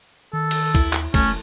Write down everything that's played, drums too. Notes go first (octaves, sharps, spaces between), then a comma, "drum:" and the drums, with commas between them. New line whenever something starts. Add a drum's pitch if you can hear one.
D#3 A4
drum: cymbal
D#2 E4, drum: kick, cymbal
drum: clap
F1 A3 C#4, drum: kick, cymbal